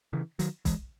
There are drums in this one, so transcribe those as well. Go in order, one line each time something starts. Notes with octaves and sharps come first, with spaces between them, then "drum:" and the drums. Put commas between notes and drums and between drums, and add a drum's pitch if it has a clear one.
C#3 E3
D#3 F#3, drum: hi-hat
E3 G#3, drum: kick B1, hi-hat